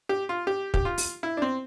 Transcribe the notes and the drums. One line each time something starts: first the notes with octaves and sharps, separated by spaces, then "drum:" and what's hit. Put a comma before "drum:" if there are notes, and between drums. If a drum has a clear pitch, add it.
G4
F4
G4
G4, drum: kick
F4
drum: open hi-hat
E4
D4
C4